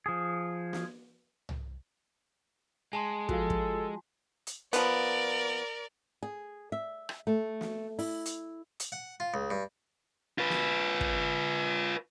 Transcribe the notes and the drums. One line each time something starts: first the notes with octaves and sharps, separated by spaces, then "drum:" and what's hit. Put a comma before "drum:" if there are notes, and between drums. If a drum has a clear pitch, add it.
F3 G#4
drum: snare
drum: tom C2
G#3 G#5 A5 C6
F3 F4 F#4 A4, drum: kick
drum: kick
drum: hi-hat
F3 B3 A#4 D5, drum: hi-hat
G#4
E5
drum: rim click
A3
drum: snare
E4, drum: open hi-hat
drum: hi-hat
drum: hi-hat
F#5
F4
C#2
G2
F4 B4
drum: snare
drum: kick